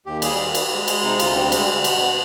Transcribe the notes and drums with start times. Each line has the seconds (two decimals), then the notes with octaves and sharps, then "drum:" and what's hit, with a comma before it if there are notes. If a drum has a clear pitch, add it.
0.06 D#2 G4
0.22 G3 G#4, drum: cymbal
0.39 D#3
0.55 G3, drum: cymbal
0.71 G#3
0.88 G#3, drum: cymbal
1.04 C3 D#4
1.19 D2 F4, drum: cymbal
1.35 G3 C4
1.52 G3 G#3, drum: cymbal
1.68 G3 G#3
1.84 B2 B3, drum: cymbal
2.01 B3